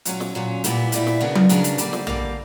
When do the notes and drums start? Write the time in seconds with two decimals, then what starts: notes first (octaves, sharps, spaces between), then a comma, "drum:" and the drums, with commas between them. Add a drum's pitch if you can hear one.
0.05 A#2 F#3 C#4, drum: hi-hat
0.20 drum: snare
0.35 A#2 F#3 C#4
0.64 A#2 G3 B3 E4, drum: hi-hat
0.92 A#2 G3 B3 E4, drum: hi-hat
1.07 drum: snare
1.20 C#3 F#3 B3 D4 A#4
1.35 drum: tom F#3
1.49 C#3 F#3 B3 D4 A#4, drum: hi-hat
1.64 drum: hi-hat
1.78 D3 G3 A#3, drum: hi-hat
1.93 drum: snare
2.07 D3 G3 A#3, drum: tom A#1